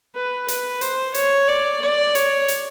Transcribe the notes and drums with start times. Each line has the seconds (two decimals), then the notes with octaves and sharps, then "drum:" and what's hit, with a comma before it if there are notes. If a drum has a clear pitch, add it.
0.15 B4
0.48 B4, drum: hi-hat
0.81 C5, drum: hi-hat
1.14 C#5, drum: hi-hat
1.48 D5
1.82 D5
2.15 C#5, drum: hi-hat
2.48 drum: hi-hat